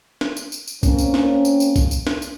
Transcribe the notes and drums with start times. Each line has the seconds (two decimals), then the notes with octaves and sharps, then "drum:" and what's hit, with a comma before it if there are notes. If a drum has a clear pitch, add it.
0.21 drum: snare
0.37 drum: tambourine
0.52 drum: tambourine
0.68 drum: tambourine
0.83 A#3 C4 C#4, drum: kick B1, tambourine
0.98 drum: tambourine
1.14 drum: snare
1.45 drum: tambourine
1.60 drum: tambourine
1.76 drum: kick B1, tambourine
1.91 drum: tambourine
2.07 drum: snare
2.22 drum: tambourine